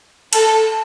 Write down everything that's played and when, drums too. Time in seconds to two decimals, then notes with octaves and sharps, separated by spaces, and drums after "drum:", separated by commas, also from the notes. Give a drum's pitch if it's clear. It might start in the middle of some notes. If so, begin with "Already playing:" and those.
0.33 A4, drum: cymbal